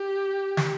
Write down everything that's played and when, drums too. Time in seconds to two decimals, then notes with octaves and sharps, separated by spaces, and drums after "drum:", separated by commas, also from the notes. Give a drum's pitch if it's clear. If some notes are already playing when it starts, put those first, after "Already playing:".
Already playing: G4
0.57 drum: snare